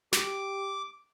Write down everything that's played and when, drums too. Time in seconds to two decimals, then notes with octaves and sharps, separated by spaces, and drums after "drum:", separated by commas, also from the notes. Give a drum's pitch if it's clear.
0.13 G4 D6, drum: snare